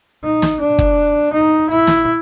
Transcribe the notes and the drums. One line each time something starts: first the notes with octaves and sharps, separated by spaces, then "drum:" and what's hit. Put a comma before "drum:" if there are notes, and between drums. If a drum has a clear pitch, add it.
D#4
drum: snare
D4
drum: kick
D#4
E4
drum: snare